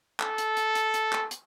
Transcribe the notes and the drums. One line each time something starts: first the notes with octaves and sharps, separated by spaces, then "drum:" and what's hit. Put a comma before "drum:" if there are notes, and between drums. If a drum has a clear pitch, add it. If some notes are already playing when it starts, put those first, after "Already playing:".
A4, drum: clap
drum: hi-hat
drum: hi-hat
drum: hi-hat
drum: hi-hat
drum: clap
drum: hi-hat